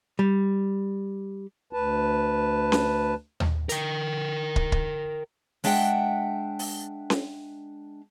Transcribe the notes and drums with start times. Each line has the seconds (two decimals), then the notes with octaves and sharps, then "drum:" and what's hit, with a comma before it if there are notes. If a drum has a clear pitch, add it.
0.19 G3
1.73 D2 B4 A5
2.72 drum: snare C#4
3.40 drum: tom D#2
3.69 A#4 G5, drum: hi-hat
4.56 drum: kick
4.72 drum: kick
5.64 G#3 D4 E5 F#5 G5, drum: open hi-hat
6.59 drum: open hi-hat
7.10 drum: snare C#4